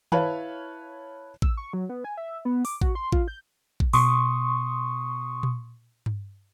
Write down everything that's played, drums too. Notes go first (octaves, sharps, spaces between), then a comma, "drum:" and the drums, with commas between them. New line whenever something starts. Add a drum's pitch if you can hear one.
E4 B4 C#5 F5 A5, drum: tom D#3
E6, drum: kick
C#6
F#3
B3
G#5
E5
B3
D6, drum: open hi-hat
F#4, drum: kick
C6
F4, drum: kick
G6
drum: kick
B2 C6 C#6 D#6, drum: open hi-hat
drum: tom A#2
drum: tom G2